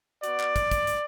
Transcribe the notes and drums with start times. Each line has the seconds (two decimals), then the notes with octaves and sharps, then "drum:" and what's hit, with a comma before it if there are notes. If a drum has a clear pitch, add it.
0.24 B3 F#4 D5, drum: hi-hat
0.40 drum: clap
0.56 drum: kick, hi-hat
0.71 drum: kick, hi-hat
0.87 drum: hi-hat